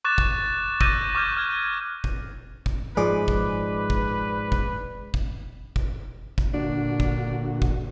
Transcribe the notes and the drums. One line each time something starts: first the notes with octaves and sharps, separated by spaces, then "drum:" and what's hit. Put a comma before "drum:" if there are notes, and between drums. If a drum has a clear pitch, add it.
C#6 D6 F#6 A6 E7
drum: kick
D6 E6 F#6 G6 A#6 D#7, drum: kick
E6
C#6 D6 F6 G6 G#6
F6 G#6
drum: kick
drum: kick
G#2 F3 G#4 B4 D5 D6
drum: kick
drum: kick
drum: kick
drum: kick
drum: kick
drum: kick
A#2 D3 D4 F#4
drum: kick
drum: kick